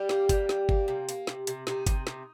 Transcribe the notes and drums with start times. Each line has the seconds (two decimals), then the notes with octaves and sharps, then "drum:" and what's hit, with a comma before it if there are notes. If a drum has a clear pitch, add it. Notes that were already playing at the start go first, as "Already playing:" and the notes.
Already playing: G3 G4
0.09 A#3, drum: snare
0.29 G3, drum: kick G1, hi-hat
0.49 G3, drum: snare
0.69 A#3, drum: kick G1
0.88 C3
1.09 A#3, drum: hi-hat
1.27 C3, drum: snare
1.47 C3, drum: hi-hat
1.67 C3 D#4, drum: snare
1.87 C3, drum: kick G1, hi-hat
2.07 C3, drum: snare